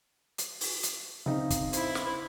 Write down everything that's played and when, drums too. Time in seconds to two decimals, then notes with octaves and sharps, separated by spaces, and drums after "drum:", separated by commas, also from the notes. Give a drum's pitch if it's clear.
0.38 drum: hi-hat
0.61 drum: open hi-hat
0.83 drum: hi-hat
1.26 C#3 C4 D#4
1.50 drum: kick, hi-hat
1.73 E4 C5, drum: hi-hat
1.95 drum: snare